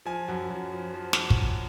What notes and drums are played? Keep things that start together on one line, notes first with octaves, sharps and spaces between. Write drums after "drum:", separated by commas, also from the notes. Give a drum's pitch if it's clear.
F3 G#5
F#2
F#2
F3
F3
drum: snare
drum: kick